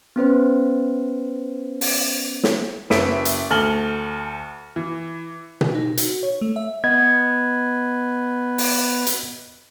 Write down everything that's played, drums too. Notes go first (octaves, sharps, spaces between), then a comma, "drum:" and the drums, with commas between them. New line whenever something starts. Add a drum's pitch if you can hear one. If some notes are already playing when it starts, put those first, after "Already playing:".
B3 C#4 B4 C5
drum: open hi-hat
drum: snare
F#1 B4 E5 B6 D7, drum: snare
drum: hi-hat
D2 A4 G#5 F6 F#7 G7
E3
drum: tom B2
D#4
F#4, drum: hi-hat
C#5
A3
E5
B3 D#5 G#6
drum: open hi-hat
drum: hi-hat